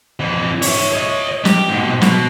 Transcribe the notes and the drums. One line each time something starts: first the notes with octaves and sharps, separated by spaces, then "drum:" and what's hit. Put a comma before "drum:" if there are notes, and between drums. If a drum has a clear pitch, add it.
F2 E3
C#5 E5, drum: open hi-hat
C#5 D#5
G4, drum: snare
G#2 B2
B2, drum: snare